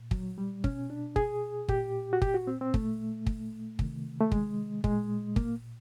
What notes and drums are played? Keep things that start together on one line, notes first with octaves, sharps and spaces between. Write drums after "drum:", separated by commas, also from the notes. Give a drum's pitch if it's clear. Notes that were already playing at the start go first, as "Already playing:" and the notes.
Already playing: A#2
F#3, drum: kick
G3
B2 C#4, drum: kick
D4
G#4, drum: kick
A#2 G4, drum: kick
F#4
G4, drum: kick
F#4
C4
C4
A#2 A3, drum: kick
drum: kick
C3 D#3, drum: kick
A3
G#3, drum: kick
A#2 G#3, drum: kick
A#3, drum: kick